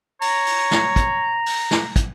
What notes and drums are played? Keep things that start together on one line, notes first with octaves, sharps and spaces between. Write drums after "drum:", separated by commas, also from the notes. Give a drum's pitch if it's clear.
C#5 A#5, drum: open hi-hat
drum: open hi-hat
drum: snare
drum: kick, hi-hat
drum: open hi-hat
drum: snare
drum: kick, hi-hat